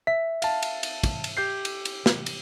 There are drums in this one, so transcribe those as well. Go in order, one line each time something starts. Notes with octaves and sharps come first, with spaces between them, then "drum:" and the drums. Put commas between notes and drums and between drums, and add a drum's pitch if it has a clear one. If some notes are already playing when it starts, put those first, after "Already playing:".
E5 B6
F5 A5, drum: cymbal
drum: cymbal
drum: cymbal
drum: kick, cymbal
drum: cymbal
G4 G6 C7
drum: cymbal
drum: cymbal
drum: snare
drum: cymbal